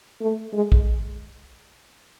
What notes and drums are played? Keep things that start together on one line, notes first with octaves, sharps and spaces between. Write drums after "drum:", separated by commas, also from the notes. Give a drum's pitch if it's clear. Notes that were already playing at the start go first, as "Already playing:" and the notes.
A3
G#3
drum: kick A#1